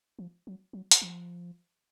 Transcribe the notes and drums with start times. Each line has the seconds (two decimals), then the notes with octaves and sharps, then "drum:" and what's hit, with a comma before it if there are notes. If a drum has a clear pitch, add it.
0.19 F3
0.47 F#3
0.73 F#3
0.91 drum: hi-hat
1.02 F3